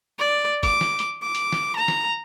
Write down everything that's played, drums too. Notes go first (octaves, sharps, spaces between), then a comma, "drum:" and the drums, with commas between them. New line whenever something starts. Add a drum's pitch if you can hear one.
D5
D6, drum: kick, hi-hat
drum: snare
drum: hi-hat
D6
drum: hi-hat
drum: snare
A#5
drum: snare